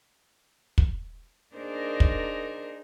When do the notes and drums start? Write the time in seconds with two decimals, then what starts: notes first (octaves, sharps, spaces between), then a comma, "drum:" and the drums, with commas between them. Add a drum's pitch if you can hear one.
0.78 drum: kick
1.54 A#3 D4 D#4 G#4 A#4 C5
2.00 drum: kick